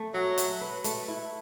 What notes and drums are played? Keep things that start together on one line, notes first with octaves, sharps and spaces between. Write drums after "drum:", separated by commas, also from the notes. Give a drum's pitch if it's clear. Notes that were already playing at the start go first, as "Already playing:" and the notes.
Already playing: A3 A4
F#3 F#4
E5, drum: hi-hat
B4
A3, drum: hi-hat
E4